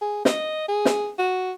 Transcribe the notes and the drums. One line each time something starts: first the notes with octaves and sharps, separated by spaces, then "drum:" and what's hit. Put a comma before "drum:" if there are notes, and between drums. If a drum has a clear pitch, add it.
G#4
D#5, drum: snare
G#4
drum: snare
F#4